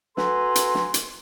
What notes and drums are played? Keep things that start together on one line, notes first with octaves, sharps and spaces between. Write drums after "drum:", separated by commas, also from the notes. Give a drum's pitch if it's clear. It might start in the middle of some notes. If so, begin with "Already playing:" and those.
F#4 A4 B4 G#5 A#5 C6, drum: snare
drum: hi-hat
drum: snare
drum: hi-hat